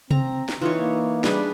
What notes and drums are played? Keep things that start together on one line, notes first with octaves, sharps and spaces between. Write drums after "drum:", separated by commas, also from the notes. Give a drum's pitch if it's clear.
C4 A#5, drum: tom C3
drum: snare
E3 D#4 F4 C#5
A#3
G3 D4 G#4 B4, drum: snare